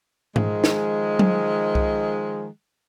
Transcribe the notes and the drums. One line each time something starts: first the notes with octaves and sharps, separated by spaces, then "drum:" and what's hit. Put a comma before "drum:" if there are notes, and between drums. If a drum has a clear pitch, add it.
D#3 F3 G#3, drum: tom G#2
drum: snare
drum: tom F#3
drum: kick C2